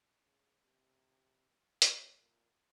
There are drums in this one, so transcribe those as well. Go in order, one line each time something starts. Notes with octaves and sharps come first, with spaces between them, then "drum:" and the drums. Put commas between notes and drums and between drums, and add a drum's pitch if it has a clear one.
C#3
C3
B2, drum: hi-hat
A#2